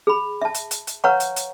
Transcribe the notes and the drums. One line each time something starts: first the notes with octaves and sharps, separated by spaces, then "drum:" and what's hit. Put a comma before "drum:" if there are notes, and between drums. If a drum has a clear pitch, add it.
G#4 B5
E5 A5
drum: hi-hat
drum: hi-hat
drum: hi-hat
B4 C#5 F5 F#5 A#5 C#6
drum: hi-hat
drum: hi-hat